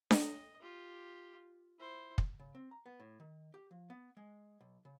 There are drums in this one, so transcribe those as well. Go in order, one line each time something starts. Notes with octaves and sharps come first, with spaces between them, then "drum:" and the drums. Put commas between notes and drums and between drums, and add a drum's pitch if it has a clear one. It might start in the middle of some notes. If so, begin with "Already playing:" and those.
D#5, drum: snare D4
F4 G4
E4 C5
drum: kick
C#3
C4
A#5
B3
A2
D#3
G4
F3
B3
G#3
B1
C#3